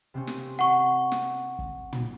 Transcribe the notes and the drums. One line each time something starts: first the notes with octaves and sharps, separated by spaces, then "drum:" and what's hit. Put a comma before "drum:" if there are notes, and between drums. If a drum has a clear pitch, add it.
C3 C4 C#4
drum: snare
F#5 C#6
drum: snare
drum: kick
drum: tom